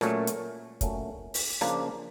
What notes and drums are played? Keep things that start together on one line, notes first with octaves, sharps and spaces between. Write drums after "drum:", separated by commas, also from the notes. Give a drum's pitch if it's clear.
A#2 F#3 A3 C#4, drum: rim click
drum: hi-hat
A#2 F#3 A3 C#4, drum: kick, hi-hat
drum: open hi-hat
C#3 F3 A#3 D4, drum: rim click